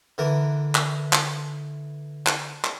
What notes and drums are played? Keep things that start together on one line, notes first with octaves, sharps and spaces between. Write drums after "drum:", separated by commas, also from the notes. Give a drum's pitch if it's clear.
D3 E3 A#4
drum: clap
drum: clap
drum: clap
drum: clap